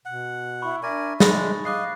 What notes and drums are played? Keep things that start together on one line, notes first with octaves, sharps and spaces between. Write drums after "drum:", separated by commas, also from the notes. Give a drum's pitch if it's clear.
B2 F#5
E4 B5 C#6
D4 A#4 D5 E5 G#5
G#3 D4 G#4 B5 A6 A#6, drum: snare
D#5 F5 D6 F#6 C7